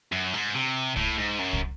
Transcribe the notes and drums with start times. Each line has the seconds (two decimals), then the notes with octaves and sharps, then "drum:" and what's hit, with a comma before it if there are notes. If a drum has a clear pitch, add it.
0.12 F#2
0.33 G#2
0.54 C3
0.96 A2, drum: kick
1.18 G#2
1.39 F#2
1.53 drum: kick